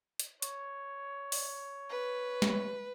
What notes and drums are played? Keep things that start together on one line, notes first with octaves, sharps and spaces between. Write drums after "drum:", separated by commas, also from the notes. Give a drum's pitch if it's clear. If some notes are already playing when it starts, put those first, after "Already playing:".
drum: hi-hat
C#5, drum: hi-hat
drum: open hi-hat
B4
drum: snare